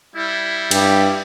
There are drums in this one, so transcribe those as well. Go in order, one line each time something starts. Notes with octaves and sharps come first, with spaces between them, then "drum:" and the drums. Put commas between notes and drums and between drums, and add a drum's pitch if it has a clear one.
G3 E4
G2 G4, drum: cymbal